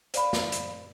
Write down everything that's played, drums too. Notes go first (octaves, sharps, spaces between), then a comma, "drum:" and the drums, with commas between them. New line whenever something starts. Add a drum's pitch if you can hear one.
C5 D5 F5 B5, drum: hi-hat
drum: snare
drum: hi-hat